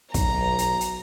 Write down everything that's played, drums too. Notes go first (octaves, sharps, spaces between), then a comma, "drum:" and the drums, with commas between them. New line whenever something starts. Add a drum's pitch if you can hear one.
B1 A#5, drum: kick, hi-hat
drum: hi-hat
drum: hi-hat